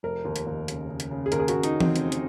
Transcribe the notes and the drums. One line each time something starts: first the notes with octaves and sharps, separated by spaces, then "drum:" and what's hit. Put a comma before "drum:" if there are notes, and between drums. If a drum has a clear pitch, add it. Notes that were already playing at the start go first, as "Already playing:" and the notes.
F1 A#4
D#2
drum: hi-hat
D#2
C#3, drum: hi-hat
C#3
drum: hi-hat
C#3
G#4
D#2 A#4, drum: hi-hat
G#4
F#4, drum: hi-hat
D#2
D#4, drum: hi-hat
C#3
C4, drum: tom E3
F1, drum: hi-hat
drum: hi-hat